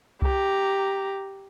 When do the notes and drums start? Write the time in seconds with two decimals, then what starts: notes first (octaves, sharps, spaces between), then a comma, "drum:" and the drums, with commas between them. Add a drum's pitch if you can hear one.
0.22 G4 A#5, drum: kick C2